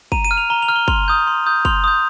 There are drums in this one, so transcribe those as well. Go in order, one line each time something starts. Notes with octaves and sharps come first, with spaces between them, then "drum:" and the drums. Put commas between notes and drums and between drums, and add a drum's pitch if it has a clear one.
A#5 D#7, drum: kick
D#7
F6
F7
A#5 G7
F7
F6
G7
C6 F7, drum: kick
D#6 G6
C6
D#6 G6
C6 F7, drum: kick
D#6 G6